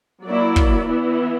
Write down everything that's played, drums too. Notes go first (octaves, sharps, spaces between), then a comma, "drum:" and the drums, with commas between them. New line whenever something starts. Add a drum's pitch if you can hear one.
F#3 A#3 E4 D5
drum: kick
E3 B3 E4